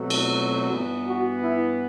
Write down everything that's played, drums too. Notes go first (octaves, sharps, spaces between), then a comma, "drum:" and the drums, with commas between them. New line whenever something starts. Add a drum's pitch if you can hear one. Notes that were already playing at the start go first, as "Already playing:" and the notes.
Already playing: B2 F#3 A3 C4
drum: cymbal
G2 E3 B3
F#4
E4